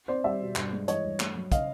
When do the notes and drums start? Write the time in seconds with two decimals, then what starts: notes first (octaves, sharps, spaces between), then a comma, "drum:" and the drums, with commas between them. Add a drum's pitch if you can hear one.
0.08 C4 C5 D5
0.24 G3 D5 E5
0.40 B2
0.56 G2, drum: clap
0.72 G#3
0.88 E3 C#5 D#5, drum: hi-hat
1.04 G2
1.20 A3, drum: clap
1.35 F#3
1.52 C#3 D#5 F5, drum: kick, hi-hat